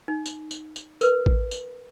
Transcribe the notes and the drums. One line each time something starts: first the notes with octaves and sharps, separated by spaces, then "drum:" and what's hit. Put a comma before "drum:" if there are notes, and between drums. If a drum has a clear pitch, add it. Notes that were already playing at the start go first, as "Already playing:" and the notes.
D#4
drum: tambourine
drum: tambourine
drum: tambourine
A#4 B4, drum: tambourine
drum: kick
drum: tambourine